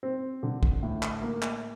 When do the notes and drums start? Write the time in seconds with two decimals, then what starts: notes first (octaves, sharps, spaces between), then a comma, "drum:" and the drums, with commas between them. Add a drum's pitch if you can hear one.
0.03 C4
0.43 D3
0.63 drum: kick
0.83 A2
1.02 drum: clap
1.22 A#3
1.42 drum: clap